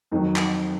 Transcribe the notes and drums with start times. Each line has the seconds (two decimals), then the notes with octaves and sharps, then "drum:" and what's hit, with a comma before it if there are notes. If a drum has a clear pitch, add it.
0.12 F2 D#3 F#3 D#4
0.36 drum: clap